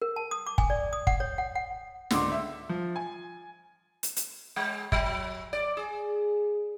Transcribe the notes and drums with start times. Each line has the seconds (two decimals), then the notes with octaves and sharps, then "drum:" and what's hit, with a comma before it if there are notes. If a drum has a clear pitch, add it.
0.02 A#4
0.16 A5
0.31 D#6
0.47 D6
0.58 G#5, drum: kick
0.70 D5
0.93 D#6
1.07 F#5, drum: kick
1.20 C#5
1.38 F#5
1.56 F#5
2.11 C#2 G#2 D3 D4 C6 D6, drum: snare
2.32 E5
2.69 F3
2.96 G#5
4.03 drum: hi-hat
4.16 drum: hi-hat
4.56 G#3
4.92 F#3, drum: kick
5.53 D5
5.77 G#4